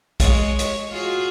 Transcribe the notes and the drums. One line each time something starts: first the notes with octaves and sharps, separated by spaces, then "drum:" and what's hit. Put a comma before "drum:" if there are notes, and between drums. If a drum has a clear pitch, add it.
G#3 C#5 D#5, drum: kick, hi-hat
C#5, drum: hi-hat
F4 F#4 G#4